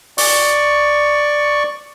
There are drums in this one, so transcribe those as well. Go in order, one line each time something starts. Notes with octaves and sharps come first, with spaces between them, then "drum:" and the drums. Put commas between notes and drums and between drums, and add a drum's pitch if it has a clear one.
D5 C#6, drum: open hi-hat